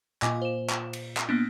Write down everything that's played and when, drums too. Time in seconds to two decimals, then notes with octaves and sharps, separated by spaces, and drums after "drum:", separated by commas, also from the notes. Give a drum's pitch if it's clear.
0.22 A#2 F4 D#5 G#5 D6, drum: clap
0.42 C5 E7
0.70 drum: clap
0.93 drum: cymbal
1.17 drum: clap
1.29 A#3 B3 D4